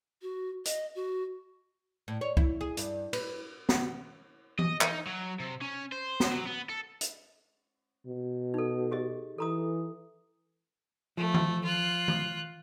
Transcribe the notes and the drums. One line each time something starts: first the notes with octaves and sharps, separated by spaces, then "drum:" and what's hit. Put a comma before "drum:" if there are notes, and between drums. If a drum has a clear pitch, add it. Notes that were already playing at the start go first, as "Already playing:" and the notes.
F#4
D#5, drum: hi-hat
F#4
A2
C#5
E4, drum: kick
G#4
G2, drum: hi-hat
B4, drum: cymbal
drum: snare
D#5, drum: tom E3
D#4, drum: clap
F#3
C3
C#4
C5
drum: snare
F#3
B3
A4
drum: hi-hat
B2
D#4 A4
G4 G#4 D#5
E3 A4 A#5 D#6
F3 A3
drum: tom D#3
F4 F#6
drum: tom D#3